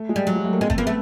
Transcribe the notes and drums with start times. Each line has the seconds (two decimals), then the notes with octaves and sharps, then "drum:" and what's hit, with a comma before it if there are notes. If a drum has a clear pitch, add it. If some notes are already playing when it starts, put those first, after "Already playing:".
Already playing: A3
0.09 G#3
0.16 G3
0.27 F#3
0.35 G3
0.44 A3
0.53 A#3
0.61 G#3 C4
0.70 A3, drum: kick
0.78 A#3 B3
0.87 A3